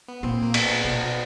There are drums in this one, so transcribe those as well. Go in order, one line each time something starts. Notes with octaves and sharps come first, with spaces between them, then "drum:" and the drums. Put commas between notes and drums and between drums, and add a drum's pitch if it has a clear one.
B3
A#2 C4
A#3
B3, drum: cymbal
B2